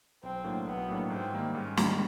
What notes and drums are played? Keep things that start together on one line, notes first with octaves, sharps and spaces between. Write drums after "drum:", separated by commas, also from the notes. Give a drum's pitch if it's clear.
B1 C4
A2 F#3 A#3 D4
B1 B3
A2 F#3 A#3 D4
G#2 C4
D#3 G3 A#3
G#2 C#4
D#3 G3 A#3, drum: snare